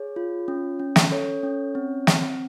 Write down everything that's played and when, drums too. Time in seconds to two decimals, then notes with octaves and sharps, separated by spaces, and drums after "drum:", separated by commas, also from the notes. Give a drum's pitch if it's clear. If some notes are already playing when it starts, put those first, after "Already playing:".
Already playing: G#4 C#5
0.16 F4
0.48 C#4
0.80 C#4
0.96 drum: snare
1.11 A4 C#5
1.43 C#4
1.75 C4
2.07 C4, drum: snare